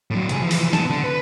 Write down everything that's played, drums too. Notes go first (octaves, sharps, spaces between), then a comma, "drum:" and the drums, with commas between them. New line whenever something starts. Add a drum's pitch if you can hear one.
A2 F#3
C2 G#4, drum: hi-hat
E3 F3
drum: open hi-hat
B3 A5, drum: snare
D3
B4